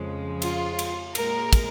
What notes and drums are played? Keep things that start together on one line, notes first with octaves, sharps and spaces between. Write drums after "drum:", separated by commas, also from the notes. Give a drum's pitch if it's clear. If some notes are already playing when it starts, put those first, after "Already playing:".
Already playing: F2 C#3 F3 G#3
F4, drum: cymbal
drum: cymbal
A#2 G#3 A#4, drum: cymbal
drum: kick, cymbal